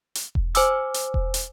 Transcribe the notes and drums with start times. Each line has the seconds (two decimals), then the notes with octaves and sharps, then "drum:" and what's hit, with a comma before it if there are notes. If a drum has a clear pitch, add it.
0.15 drum: hi-hat
0.35 drum: kick E1
0.55 C5 G#5 D6 E6, drum: hi-hat
0.94 drum: hi-hat
1.14 drum: kick E1
1.34 drum: hi-hat